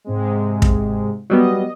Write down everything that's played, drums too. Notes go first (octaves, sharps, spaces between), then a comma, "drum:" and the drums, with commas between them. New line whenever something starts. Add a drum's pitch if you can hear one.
G#2 C3 G#3
drum: kick
F#3 G3 B3 D#5